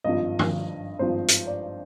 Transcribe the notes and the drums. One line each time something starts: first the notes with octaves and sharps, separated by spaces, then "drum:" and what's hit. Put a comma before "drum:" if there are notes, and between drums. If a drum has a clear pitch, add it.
G#1 G2 F3 D#5
drum: tom G2
G#1 G2 F3 C5
drum: hi-hat
D5